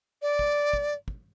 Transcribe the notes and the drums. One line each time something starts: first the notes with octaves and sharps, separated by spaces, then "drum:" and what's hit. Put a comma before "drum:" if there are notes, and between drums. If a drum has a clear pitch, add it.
D5
drum: kick
drum: kick
drum: kick